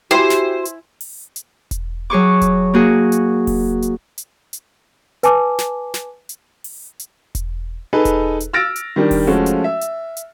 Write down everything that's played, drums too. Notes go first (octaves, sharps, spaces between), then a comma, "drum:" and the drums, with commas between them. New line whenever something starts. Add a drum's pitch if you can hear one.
E4 F#4 G4 C5 G#5
drum: snare
drum: hi-hat
drum: open hi-hat
drum: hi-hat
drum: kick E1, hi-hat
F#3 G#4 C#6 D6
drum: kick E1, hi-hat
A#3 F#4 G#4
drum: hi-hat
drum: kick E1, open hi-hat
drum: hi-hat
drum: hi-hat
drum: hi-hat
B4 G#5 A5 D6, drum: hi-hat
drum: snare
drum: snare
drum: hi-hat
drum: open hi-hat
drum: hi-hat
drum: kick E1, hi-hat
D#4 G#4 A4 B4
drum: kick E1, hi-hat
drum: hi-hat
E6 F6 A6 A#6 D7
drum: hi-hat
D#3 G3 D4
drum: kick E1, open hi-hat
F3 G#3 A3 C#4 F#4
drum: hi-hat
E5
drum: hi-hat
drum: hi-hat